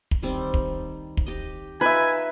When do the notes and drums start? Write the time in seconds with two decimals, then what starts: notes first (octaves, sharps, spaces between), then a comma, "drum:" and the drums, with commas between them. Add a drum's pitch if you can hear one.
0.11 drum: kick
0.22 D#3 G3 C4
0.54 drum: kick
1.17 drum: kick
1.26 G4 D#5
1.81 D#4 F4 B4 E5 G#5